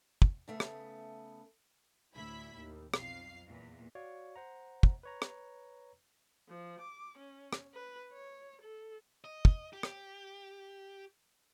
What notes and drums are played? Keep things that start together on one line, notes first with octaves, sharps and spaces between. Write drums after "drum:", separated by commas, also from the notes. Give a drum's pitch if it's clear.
drum: kick
C#3 A3 B3
drum: rim click
D2 A2 E4 E5 B5 B6
D#2
B1 F2 F5 C7, drum: rim click
E2 A#2
F#4 C#5 D5 F5
C5 F#5 A#5
drum: kick
B4 C#5 A#5
drum: rim click
F3
D6
C#4
drum: rim click
B4
C#5
A4
D#5
drum: kick
G4
drum: rim click